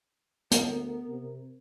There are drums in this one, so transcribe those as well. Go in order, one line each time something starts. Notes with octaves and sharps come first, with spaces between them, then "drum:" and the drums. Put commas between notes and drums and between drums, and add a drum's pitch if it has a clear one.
D2 B3 A#4, drum: hi-hat
C3